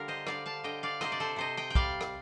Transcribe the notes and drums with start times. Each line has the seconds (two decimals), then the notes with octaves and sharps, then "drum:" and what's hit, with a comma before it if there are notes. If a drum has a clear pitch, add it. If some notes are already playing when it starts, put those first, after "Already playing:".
Already playing: D3 G3 A#4 F5
0.08 C5 D#5
0.27 D3 D5 F5, drum: rim click
0.46 F5 A5
0.64 D3 D#5 G5
0.83 D5 F5
1.01 C3 C5 D#5, drum: rim click
1.12 D5
1.20 A4 C5
1.36 C3 C5 D#5
1.57 D#5 G5
1.70 G5
1.75 G3 D5 F5, drum: kick
2.01 drum: rim click